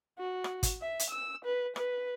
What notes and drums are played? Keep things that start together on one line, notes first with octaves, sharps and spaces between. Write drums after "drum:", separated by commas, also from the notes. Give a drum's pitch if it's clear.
F#4
drum: rim click
drum: kick, hi-hat
E5
drum: hi-hat
E6
B4
B4, drum: rim click